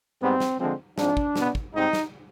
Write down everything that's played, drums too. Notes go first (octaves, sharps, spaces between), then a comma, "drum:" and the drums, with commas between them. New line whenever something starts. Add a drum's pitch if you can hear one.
G#2 G3 B3 C4
drum: snare
D3 F3 G#3 C4
G#2 F3 C4 D4, drum: snare
drum: kick
B2 B3, drum: snare
drum: kick
G#2 G3 C4 D#4
drum: snare